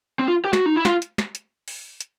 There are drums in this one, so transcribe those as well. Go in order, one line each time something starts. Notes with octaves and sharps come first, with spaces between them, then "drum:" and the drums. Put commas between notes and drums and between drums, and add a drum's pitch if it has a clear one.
C4
F4
G4
F#4, drum: snare
D#4
E4
F4, drum: snare
drum: hi-hat
drum: snare
drum: hi-hat
drum: open hi-hat
drum: hi-hat